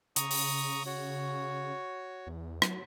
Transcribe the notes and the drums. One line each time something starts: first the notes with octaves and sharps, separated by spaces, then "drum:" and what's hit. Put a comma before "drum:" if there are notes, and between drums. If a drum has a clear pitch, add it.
C#3 A#5 C#6 D#6, drum: hi-hat
drum: open hi-hat
F#4 C#5
E2
F#3, drum: rim click